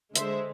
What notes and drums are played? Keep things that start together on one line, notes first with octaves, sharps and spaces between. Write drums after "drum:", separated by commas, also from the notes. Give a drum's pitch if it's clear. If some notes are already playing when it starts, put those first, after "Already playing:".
D3 G#3 C5 E5, drum: hi-hat